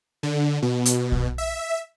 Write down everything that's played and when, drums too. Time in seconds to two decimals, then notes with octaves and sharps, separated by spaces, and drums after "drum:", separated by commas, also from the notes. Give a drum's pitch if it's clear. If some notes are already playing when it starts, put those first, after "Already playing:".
0.23 D3
0.62 B2
0.86 drum: hi-hat
1.12 drum: kick
1.38 E5